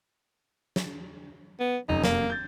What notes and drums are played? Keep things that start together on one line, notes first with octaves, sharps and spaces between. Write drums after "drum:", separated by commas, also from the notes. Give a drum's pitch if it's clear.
drum: snare
B3
F1 F#2 D#4
A#3, drum: snare
G6 A6